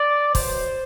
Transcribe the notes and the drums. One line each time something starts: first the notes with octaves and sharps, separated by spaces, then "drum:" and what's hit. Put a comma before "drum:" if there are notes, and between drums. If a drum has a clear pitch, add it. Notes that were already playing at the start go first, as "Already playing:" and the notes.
Already playing: D5
B2 F#3 C5, drum: kick, open hi-hat